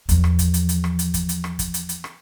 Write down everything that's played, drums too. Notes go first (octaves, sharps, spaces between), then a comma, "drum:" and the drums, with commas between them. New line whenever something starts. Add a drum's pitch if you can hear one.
E2 F3, drum: hi-hat
drum: rim click
drum: kick, hi-hat
drum: hi-hat
drum: hi-hat
drum: rim click
drum: hi-hat
drum: kick, hi-hat
drum: hi-hat
drum: rim click
drum: kick, hi-hat
drum: hi-hat
drum: hi-hat
drum: rim click